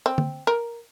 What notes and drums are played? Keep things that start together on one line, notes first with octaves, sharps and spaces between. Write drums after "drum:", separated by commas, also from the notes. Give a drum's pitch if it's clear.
C4
drum: tom D3
A#4